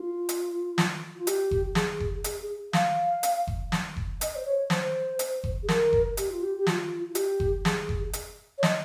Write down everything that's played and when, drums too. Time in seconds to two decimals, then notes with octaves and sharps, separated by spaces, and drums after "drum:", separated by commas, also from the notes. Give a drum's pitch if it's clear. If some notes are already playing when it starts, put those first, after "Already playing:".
Already playing: F4
0.29 drum: hi-hat
0.78 drum: snare
1.16 F4
1.27 G4, drum: hi-hat
1.51 drum: kick F#1
1.75 G#4, drum: snare
2.00 drum: kick F#1
2.24 G#4, drum: hi-hat
2.41 G#4
2.73 F5, drum: snare
3.23 drum: hi-hat
3.47 drum: kick F#1
3.72 drum: snare
3.96 drum: kick F#1
4.21 D#5, drum: hi-hat
4.35 C5
4.45 C#5
4.70 C5, drum: snare
5.19 drum: hi-hat
5.44 drum: kick F#1
5.63 G#4
5.68 A#4, drum: snare
5.93 drum: kick F#1
6.17 G4, drum: hi-hat
6.30 F4
6.43 G4
6.58 G4
6.67 F4, drum: snare
7.10 F4
7.15 G4, drum: hi-hat
7.40 drum: kick F#1
7.65 G#4, drum: snare
7.89 drum: kick F#1
8.13 drum: hi-hat
8.58 C#5
8.63 D#5, drum: snare